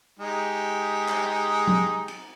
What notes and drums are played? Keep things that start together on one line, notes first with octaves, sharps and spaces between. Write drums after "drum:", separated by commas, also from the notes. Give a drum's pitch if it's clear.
G#3 D#4 G4
drum: clap
drum: tom
drum: cymbal